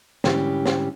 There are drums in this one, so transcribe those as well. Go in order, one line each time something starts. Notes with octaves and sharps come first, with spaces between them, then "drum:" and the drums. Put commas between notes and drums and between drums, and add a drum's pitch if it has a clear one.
G#2 D3 E3 G3 C#4 G4, drum: snare
drum: snare